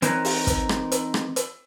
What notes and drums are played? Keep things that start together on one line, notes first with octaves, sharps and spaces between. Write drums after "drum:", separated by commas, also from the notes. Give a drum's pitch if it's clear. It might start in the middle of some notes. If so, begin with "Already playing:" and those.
E3 C4 D#4 A#4 B4 C#5, drum: hi-hat
drum: open hi-hat
drum: kick, hi-hat
drum: rim click
drum: hi-hat
drum: rim click
drum: hi-hat